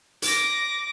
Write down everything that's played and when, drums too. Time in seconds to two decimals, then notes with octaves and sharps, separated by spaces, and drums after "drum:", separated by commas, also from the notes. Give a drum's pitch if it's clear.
0.22 D6 A#6, drum: hi-hat